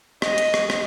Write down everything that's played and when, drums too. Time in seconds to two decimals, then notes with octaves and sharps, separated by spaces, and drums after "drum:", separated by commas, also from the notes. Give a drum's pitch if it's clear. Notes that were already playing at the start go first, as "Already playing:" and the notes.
0.22 D#5, drum: rim click
0.38 drum: hi-hat
0.54 drum: rim click
0.70 drum: rim click